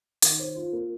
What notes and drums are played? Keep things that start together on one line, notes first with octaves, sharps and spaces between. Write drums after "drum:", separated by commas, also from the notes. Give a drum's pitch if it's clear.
D#3, drum: hi-hat
C5
F4
A#3